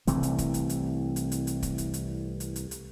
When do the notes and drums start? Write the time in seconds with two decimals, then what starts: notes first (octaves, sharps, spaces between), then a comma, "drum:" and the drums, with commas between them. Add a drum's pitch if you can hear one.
0.07 C2 C3 E3 A3, drum: hi-hat
0.23 drum: hi-hat
0.38 drum: kick, hi-hat
0.54 drum: hi-hat
0.69 drum: hi-hat
1.16 drum: hi-hat
1.32 drum: hi-hat
1.47 drum: hi-hat
1.63 drum: kick, hi-hat
1.78 drum: hi-hat
1.94 drum: hi-hat
2.40 drum: hi-hat
2.56 drum: hi-hat
2.71 drum: hi-hat